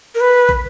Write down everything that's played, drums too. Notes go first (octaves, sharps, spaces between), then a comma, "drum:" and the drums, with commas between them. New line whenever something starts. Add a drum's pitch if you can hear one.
A#4
B4
drum: kick